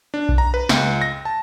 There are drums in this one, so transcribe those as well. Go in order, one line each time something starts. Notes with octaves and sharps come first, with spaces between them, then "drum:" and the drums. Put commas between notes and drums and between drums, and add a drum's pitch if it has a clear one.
D4
drum: kick B1
A#5
B4
C#2, drum: snare
A#6
A5